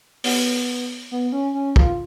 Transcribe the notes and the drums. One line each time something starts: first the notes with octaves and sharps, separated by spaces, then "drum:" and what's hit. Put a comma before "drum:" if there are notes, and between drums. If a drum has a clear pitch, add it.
B3, drum: open hi-hat
B3
C#4
C#4
F4, drum: kick